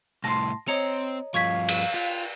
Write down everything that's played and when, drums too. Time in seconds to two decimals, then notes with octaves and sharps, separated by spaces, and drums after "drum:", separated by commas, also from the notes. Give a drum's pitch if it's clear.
0.24 C2 A2 A5 C6 A#6
0.68 C4 C#5 D#5 A#5 C#7 F7
1.34 G2 F3 F5 C#6 G#6 B6
1.69 drum: cymbal
1.94 F4 G5